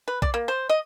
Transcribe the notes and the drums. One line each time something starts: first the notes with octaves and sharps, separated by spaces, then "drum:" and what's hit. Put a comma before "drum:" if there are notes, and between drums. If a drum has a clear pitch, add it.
B4
D5, drum: kick A#1
A#3
C5
D#5